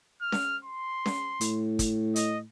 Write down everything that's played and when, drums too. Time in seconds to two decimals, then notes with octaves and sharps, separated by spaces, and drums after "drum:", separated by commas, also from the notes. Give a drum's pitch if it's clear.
0.22 F6
0.32 drum: snare C#4
0.65 C6
1.06 drum: snare C#4
1.41 A2, drum: hi-hat
1.79 drum: kick, hi-hat
2.16 D#5, drum: hi-hat